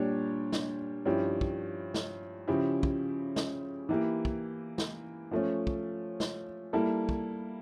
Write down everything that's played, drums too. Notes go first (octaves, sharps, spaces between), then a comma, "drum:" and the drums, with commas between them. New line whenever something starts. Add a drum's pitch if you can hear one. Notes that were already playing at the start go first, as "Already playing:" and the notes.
Already playing: A#2 G3 D4 G4 C#5
drum: snare
G2 F3 C#4 E4 G4
drum: kick
drum: snare
C#3 F3 C#4 E4 G4
drum: kick
drum: snare
E3 A#3 E4 G4
drum: kick
drum: snare
F3 A3 C#4
drum: kick
drum: snare
G3 A#3 E4 A4
drum: kick